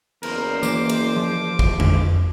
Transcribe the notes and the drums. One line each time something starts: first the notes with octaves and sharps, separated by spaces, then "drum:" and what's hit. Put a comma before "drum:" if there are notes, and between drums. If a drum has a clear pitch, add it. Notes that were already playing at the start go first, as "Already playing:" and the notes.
F#1 E2 A#4 C5, drum: cymbal
E3 A#3 D6, drum: tambourine
drum: cymbal
F3
drum: kick
F2, drum: tom